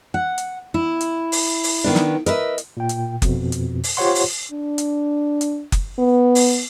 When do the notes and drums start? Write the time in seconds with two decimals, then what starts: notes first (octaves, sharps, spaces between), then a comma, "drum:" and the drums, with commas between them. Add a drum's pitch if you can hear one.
0.14 F#5
0.38 drum: hi-hat
0.74 E4
1.01 drum: hi-hat
1.32 drum: open hi-hat
1.63 drum: open hi-hat
1.84 D#3 B3 D4
1.95 drum: snare
2.26 A#4 B4 D#5 E5, drum: hi-hat
2.58 drum: hi-hat
2.77 A#2 G5
2.89 drum: hi-hat
3.22 F2 B2, drum: kick F#1, hi-hat
3.52 drum: hi-hat
3.84 drum: open hi-hat
3.97 F4 G4 C5 C#5 F#5 C6
4.15 drum: open hi-hat
4.52 D4
4.78 drum: hi-hat
5.41 drum: hi-hat
5.72 drum: kick F#1, hi-hat
5.99 B3
6.35 drum: open hi-hat